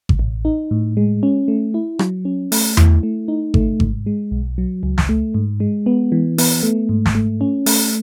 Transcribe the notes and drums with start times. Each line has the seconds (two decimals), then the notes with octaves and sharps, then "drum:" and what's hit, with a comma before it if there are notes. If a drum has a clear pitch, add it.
0.09 drum: kick G#1
0.19 A1
0.45 D#4
0.71 A2
0.97 G#3
1.23 C#4
1.48 A3
1.74 E4
1.99 F#3, drum: rim click
2.25 C#4
2.52 A3, drum: open hi-hat
2.77 E4, drum: tom E2
3.03 A3
3.28 D#4
3.54 A3, drum: kick G#1
3.80 G#2, drum: kick G#1
4.06 G#3
4.31 B1
4.58 F#3
4.83 C#2
4.98 drum: snare
5.09 A3
5.34 G#2
5.60 G#3
5.86 B3
6.12 E3
6.38 B3, drum: open hi-hat
6.63 A3
6.89 G#2
7.06 drum: snare
7.15 A3
7.41 C#4
7.66 A3, drum: open hi-hat